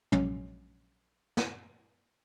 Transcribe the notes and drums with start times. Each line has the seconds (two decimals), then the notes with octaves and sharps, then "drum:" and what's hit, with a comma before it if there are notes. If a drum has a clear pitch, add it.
0.12 A#1 F#3 G#3 C#4, drum: tom
1.37 drum: snare